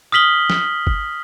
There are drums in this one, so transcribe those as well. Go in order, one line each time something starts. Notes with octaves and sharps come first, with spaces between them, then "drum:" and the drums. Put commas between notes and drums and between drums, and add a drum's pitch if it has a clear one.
D#6 F6 B6 F#7 G7
drum: snare
drum: kick